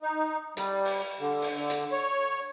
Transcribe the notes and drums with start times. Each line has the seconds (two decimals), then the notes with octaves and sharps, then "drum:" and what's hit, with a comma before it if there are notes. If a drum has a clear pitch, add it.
0.02 D#4
0.57 G3, drum: hi-hat
0.85 drum: open hi-hat
1.20 D3
1.42 drum: open hi-hat
1.55 D3
1.70 drum: hi-hat
1.92 C#5